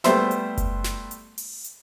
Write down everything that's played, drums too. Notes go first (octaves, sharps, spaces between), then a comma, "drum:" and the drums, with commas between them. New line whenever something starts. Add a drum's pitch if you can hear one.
G3 A3 B3 C5 E5, drum: snare
drum: hi-hat
drum: kick F#1, hi-hat
drum: snare
drum: hi-hat
drum: open hi-hat
drum: hi-hat